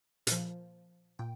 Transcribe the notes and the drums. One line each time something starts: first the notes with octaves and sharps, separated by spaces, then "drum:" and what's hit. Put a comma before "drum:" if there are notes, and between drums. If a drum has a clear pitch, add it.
A#2 F3, drum: hi-hat
A#2 G5